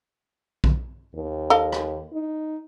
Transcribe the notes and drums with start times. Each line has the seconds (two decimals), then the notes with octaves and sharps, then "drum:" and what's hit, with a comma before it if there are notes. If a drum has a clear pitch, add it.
0.64 drum: kick
1.15 D#2
1.50 A4 D#5 F5
1.72 drum: rim click
2.13 D#4